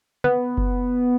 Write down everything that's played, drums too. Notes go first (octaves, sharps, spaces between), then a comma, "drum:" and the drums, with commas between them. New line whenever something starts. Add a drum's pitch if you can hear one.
B3, drum: tom C#3
drum: kick F#1